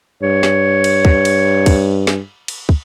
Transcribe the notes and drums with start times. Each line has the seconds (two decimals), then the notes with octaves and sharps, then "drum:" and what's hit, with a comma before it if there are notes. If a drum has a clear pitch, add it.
0.23 G2 C#5
0.43 drum: snare
0.84 drum: cymbal
1.05 drum: kick
1.25 drum: cymbal
1.66 drum: kick, cymbal
2.07 drum: snare
2.48 drum: cymbal
2.69 drum: kick